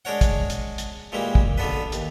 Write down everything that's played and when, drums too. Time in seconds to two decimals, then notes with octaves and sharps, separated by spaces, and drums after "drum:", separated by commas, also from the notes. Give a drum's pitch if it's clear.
0.05 G#3 D4 A#4 C#5 F#5
0.21 drum: kick, hi-hat
0.50 drum: hi-hat
0.78 drum: hi-hat
1.12 A#2 E3 G#3 A#3 G4
1.35 drum: kick
1.58 B1 D3 B3 D4 B4
1.92 D#2, drum: hi-hat